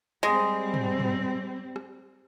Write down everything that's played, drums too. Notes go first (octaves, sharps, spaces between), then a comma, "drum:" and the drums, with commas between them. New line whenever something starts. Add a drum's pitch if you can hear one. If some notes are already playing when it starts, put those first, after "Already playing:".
G3 G#3 C4
drum: tom
drum: tom
drum: rim click